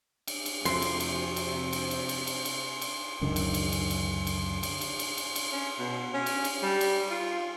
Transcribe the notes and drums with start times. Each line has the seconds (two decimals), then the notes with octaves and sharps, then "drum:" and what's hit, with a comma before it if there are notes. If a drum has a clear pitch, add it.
0.28 drum: cymbal
0.46 drum: cymbal
0.65 F2 C3 F#4 C6, drum: cymbal
0.82 drum: cymbal
1.00 drum: cymbal
1.36 drum: cymbal
1.73 drum: cymbal
1.91 drum: cymbal
2.09 drum: cymbal
2.27 drum: cymbal
2.45 drum: cymbal
2.82 drum: cymbal
3.21 C#2 F#2 D3 D#3
3.36 drum: cymbal
3.54 drum: cymbal
3.72 drum: cymbal
3.90 drum: cymbal
4.27 drum: cymbal
4.63 drum: cymbal
4.81 drum: cymbal
4.99 drum: cymbal
5.17 drum: cymbal
5.36 drum: cymbal
5.52 C#4
5.79 B2
6.14 C#4
6.26 drum: cymbal
6.44 drum: cymbal
6.63 G3
6.81 drum: cymbal
7.11 F4